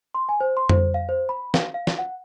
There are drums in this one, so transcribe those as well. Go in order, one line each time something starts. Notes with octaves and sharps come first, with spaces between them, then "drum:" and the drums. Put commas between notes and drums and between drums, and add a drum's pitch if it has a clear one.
C6
G#5
C5
C6
C5, drum: tom F2
F5
C5
B5
F5, drum: snare
F5
drum: snare
F#5